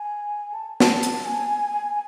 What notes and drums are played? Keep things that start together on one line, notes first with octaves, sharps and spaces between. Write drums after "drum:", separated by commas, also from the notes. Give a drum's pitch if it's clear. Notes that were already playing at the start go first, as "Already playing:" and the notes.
Already playing: G#5
A5
A5, drum: snare
drum: hi-hat
G#5